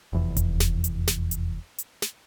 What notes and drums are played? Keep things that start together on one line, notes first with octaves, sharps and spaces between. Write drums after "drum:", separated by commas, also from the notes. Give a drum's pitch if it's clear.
F1 E2
drum: kick E1, hi-hat
drum: snare
drum: hi-hat
drum: snare
drum: hi-hat
drum: hi-hat
drum: snare